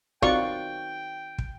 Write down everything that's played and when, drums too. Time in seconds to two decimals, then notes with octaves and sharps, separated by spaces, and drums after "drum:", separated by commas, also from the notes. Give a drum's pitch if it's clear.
0.22 D#3 C4 F4 F#4 D5 G5 C#6, drum: kick
1.38 drum: kick